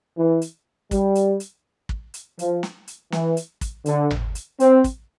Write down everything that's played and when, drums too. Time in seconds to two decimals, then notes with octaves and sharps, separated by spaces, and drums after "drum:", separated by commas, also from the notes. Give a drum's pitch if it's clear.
0.17 E3
0.42 drum: hi-hat
0.91 G3, drum: kick, hi-hat
1.15 drum: hi-hat
1.40 drum: hi-hat
1.89 drum: kick
2.14 drum: hi-hat
2.39 F3, drum: hi-hat
2.63 drum: snare
2.88 drum: hi-hat
3.12 E3, drum: snare
3.37 drum: hi-hat
3.61 drum: kick, hi-hat
3.86 D3, drum: hi-hat
4.11 drum: tom G#1
4.35 drum: hi-hat
4.60 C4, drum: hi-hat
4.84 drum: kick, hi-hat